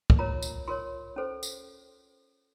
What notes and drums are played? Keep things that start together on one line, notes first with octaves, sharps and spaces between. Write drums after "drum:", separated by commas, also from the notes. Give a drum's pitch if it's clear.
drum: kick
F4 A#4 C#5 A#5
drum: tambourine
F4 A#4 C#5 C6
C#4 A4 C5
drum: tambourine